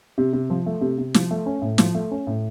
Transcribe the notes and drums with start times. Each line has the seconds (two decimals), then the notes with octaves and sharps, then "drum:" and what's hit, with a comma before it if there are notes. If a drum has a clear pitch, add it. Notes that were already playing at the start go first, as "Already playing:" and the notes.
0.18 C3
0.33 C3
0.50 F3
0.66 A3
0.81 C3
0.98 C3
1.14 F3, drum: snare
1.31 A3
1.46 C#4
1.62 A2
1.78 F3, drum: snare
1.95 A3
2.11 C#4
2.27 A2